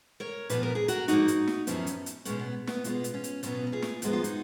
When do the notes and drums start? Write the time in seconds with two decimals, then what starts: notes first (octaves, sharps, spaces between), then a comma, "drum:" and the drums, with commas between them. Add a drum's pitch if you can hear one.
0.20 A#4 C#5
0.49 A#2 F3 B3 B4, drum: hi-hat
0.63 A#4
0.75 G#4
0.88 F#4 A#4, drum: hi-hat
1.08 G#2 F3 A#3 D#4 F#4, drum: hi-hat
1.28 drum: hi-hat
1.47 drum: snare
1.67 F#2 F3 B3 C#4, drum: hi-hat
1.87 drum: hi-hat
2.06 drum: hi-hat
2.25 B2 G#3 B3 C#4, drum: hi-hat
2.39 B3
2.67 B3, drum: snare
2.84 B2 G#3 B3 C#4 F4, drum: hi-hat
3.04 drum: hi-hat
3.14 C#4 F4
3.24 drum: hi-hat
3.43 B2 F#3 B3 C#4 F4, drum: hi-hat
3.67 F#4
3.72 F4 G#4
3.82 drum: snare
4.02 F#2 F3 G#3 B3 F#4, drum: hi-hat
4.13 F4
4.24 D#4 F#4, drum: hi-hat